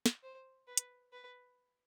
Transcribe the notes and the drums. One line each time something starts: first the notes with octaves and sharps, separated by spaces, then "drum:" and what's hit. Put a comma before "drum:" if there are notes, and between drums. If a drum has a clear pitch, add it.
drum: snare
C5
B4
drum: hi-hat
B4